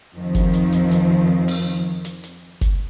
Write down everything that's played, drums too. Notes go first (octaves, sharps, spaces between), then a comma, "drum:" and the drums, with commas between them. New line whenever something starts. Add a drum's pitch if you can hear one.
F2 D#3 F3 C4
drum: kick F#1, hi-hat
drum: hi-hat
drum: hi-hat
drum: hi-hat
drum: open hi-hat
drum: hi-hat
drum: hi-hat
drum: kick F#1, hi-hat